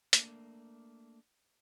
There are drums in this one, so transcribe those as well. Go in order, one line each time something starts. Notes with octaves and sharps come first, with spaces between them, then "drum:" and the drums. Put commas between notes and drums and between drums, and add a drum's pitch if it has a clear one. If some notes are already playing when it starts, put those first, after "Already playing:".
A3 A#3 D4, drum: hi-hat